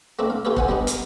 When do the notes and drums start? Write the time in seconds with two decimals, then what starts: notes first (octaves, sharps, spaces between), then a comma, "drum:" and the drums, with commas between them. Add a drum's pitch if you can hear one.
0.19 A3 A#3 C4 D4 E4
0.30 F5
0.45 E4 F4 G4 A4 B4 C#5
0.57 C5 F#5 G#5, drum: kick
0.69 G3 B3 D4 D#4
0.87 A#4, drum: hi-hat